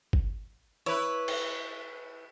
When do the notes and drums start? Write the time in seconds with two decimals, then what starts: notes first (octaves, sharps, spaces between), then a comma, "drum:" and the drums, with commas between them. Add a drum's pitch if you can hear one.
0.13 drum: kick G1
0.86 E4 B4 C#5
1.28 drum: cymbal